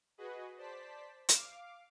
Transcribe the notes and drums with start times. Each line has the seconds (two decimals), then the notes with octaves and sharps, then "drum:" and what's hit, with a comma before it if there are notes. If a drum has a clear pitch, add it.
0.18 F#4 G#4 B4 D#5
0.57 C5 D5 A5 B6
1.29 F5 D6, drum: hi-hat